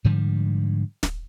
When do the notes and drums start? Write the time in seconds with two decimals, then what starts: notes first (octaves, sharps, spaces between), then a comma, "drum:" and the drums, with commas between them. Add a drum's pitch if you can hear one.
0.05 G#2 D3 F3 G3
1.03 drum: snare